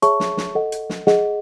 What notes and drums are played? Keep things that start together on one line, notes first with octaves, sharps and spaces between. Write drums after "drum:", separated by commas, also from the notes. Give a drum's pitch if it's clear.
G#4 C#5 E5 A5 C#6, drum: hi-hat
drum: snare
drum: snare
A4 D#5 F#5
drum: hi-hat
drum: snare
G#4 D#5 F#5, drum: snare